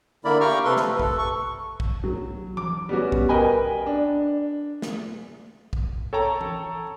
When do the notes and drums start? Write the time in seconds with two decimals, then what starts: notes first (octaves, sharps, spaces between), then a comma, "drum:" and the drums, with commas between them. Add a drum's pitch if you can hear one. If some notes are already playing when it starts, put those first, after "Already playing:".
0.25 D3 A#3 E4 A#4 D5 B5
0.40 G4 F5 G5 A#5 C#6 F6
0.65 C3 A4 B4 C6
0.77 B4, drum: snare
0.99 A4, drum: kick
1.18 C#6
1.80 drum: kick
2.04 F#3
2.57 D6, drum: tom E3
2.89 G3 B3 C#4 F#4
3.12 drum: kick
3.29 A#4 B4 D#5 G5 G#5 B5
3.87 D4
4.82 drum: snare
5.73 drum: kick
6.13 A4 C#5 G5 A5 A#5
6.41 drum: tom E3